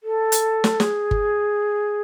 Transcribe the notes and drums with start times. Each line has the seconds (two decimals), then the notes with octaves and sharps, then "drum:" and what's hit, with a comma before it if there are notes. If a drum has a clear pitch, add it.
0.03 A4
0.32 drum: hi-hat
0.64 drum: snare
0.80 G#4, drum: snare
1.11 drum: kick G1